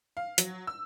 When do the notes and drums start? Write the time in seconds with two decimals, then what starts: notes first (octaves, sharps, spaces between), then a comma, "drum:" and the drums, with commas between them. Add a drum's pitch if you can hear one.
0.17 F5
0.38 F#3, drum: hi-hat
0.67 E6